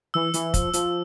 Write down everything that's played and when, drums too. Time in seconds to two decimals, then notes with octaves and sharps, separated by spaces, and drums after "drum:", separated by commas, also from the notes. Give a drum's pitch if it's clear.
0.14 E3 E6
0.34 E3, drum: hi-hat
0.54 F3, drum: kick, hi-hat
0.73 F3, drum: hi-hat